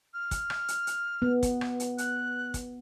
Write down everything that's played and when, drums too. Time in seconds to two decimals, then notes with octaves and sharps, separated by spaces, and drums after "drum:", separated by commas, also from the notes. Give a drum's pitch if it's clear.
0.14 F6
0.31 drum: kick, hi-hat
0.50 drum: rim click
0.68 drum: hi-hat
0.87 drum: hi-hat
1.22 B3
1.43 drum: kick, hi-hat
1.61 drum: rim click
1.80 drum: hi-hat
1.98 F#6, drum: hi-hat
2.54 drum: kick, hi-hat